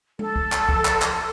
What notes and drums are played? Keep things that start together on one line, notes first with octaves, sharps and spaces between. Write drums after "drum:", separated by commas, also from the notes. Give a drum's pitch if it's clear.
A4, drum: tom G#3
drum: kick
drum: clap
drum: kick
drum: clap
drum: clap